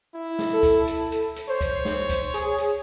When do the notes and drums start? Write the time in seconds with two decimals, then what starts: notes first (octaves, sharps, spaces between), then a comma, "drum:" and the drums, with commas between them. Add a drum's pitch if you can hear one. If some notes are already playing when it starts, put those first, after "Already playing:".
0.15 E4
0.39 drum: snare
0.53 A4
0.63 drum: kick C#2, hi-hat
0.87 drum: hi-hat
1.12 drum: hi-hat
1.36 drum: hi-hat
1.49 C5 C#5
1.61 drum: kick C#2, hi-hat
1.85 drum: snare
2.09 drum: kick C#2, hi-hat
2.34 G#4, drum: hi-hat
2.58 drum: hi-hat